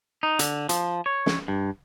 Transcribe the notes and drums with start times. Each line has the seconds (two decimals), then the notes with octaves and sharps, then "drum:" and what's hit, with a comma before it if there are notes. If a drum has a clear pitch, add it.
0.23 D#4
0.39 D3, drum: hi-hat
0.69 F3, drum: hi-hat
1.06 C#5
1.26 drum: snare
1.48 G2